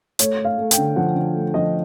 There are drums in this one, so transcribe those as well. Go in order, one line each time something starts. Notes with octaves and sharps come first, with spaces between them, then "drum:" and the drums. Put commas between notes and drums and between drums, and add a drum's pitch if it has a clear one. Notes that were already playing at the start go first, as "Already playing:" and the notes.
A3 C#5, drum: hi-hat
A3
F5
A3
G5, drum: hi-hat
D3
F3 F#5
D3
A3
F3 D#5